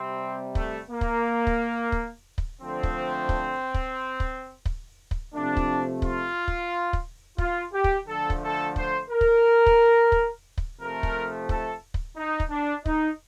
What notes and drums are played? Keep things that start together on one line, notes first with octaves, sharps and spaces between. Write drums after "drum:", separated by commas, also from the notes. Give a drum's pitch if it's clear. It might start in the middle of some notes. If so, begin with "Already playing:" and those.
Already playing: C3 G3 C4
A3, drum: kick
A#3
drum: kick
drum: kick
drum: kick
drum: kick
D3 F3 A3 C4
drum: kick
drum: kick
drum: kick
drum: kick
drum: kick
drum: kick
C3 F3 A3 D4
drum: kick
F4, drum: kick
drum: kick
drum: kick
F4, drum: kick
G4
drum: kick
D3 F3 A3 A4
drum: kick
A4
C5, drum: kick
A#4
drum: kick
drum: kick
drum: kick
drum: kick
C3 F3 A3 A#4
drum: kick
A4, drum: kick
drum: kick
D#4
drum: kick
D4
D#4, drum: kick